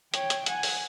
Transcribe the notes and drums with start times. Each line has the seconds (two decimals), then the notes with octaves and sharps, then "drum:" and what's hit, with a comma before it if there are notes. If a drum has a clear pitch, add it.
0.14 C#5 G5, drum: hi-hat
0.30 drum: hi-hat
0.46 F#5 G#5, drum: hi-hat
0.63 drum: open hi-hat